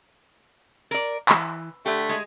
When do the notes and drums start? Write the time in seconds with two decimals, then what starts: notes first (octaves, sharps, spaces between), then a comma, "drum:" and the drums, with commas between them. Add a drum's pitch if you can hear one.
0.91 A#4 D5
1.29 E3, drum: clap
1.86 D3 A3 G4
2.09 G#3 G#4